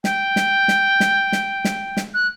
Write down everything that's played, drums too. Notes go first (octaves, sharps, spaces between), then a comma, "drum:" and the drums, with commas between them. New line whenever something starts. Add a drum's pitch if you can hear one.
G5, drum: snare
drum: snare
drum: snare
drum: snare
drum: snare
drum: snare
drum: snare
F#6